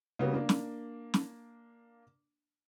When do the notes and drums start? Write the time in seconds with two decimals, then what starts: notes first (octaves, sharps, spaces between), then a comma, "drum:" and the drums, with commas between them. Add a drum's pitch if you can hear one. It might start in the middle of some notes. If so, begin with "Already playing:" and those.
0.19 C#3 G3 A#3 B3 C#4 F#4
0.34 A#3 D4
0.49 drum: snare
1.14 drum: snare